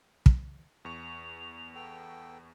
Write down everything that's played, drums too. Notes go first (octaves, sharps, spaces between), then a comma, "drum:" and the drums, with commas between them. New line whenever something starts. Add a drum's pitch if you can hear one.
drum: kick
E2 C#6 F7
B3 A4 G5